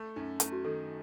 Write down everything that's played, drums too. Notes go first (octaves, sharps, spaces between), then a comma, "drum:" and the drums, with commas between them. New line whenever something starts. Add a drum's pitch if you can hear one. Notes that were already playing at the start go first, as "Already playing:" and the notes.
Already playing: A3
F#2 D#4
A3 E4, drum: hi-hat
F#4
D#3 A4